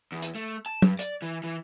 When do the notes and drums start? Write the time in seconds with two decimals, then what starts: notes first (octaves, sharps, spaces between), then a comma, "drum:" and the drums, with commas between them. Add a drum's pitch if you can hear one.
0.12 E2
0.22 drum: hi-hat
0.35 A3
0.66 A5
0.82 G2, drum: tom
0.99 D5, drum: hi-hat
1.22 E3
1.44 E3